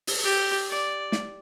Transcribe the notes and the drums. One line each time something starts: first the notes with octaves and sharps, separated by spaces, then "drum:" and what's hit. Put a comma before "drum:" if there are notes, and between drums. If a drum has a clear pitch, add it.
drum: open hi-hat
G4
D5
drum: snare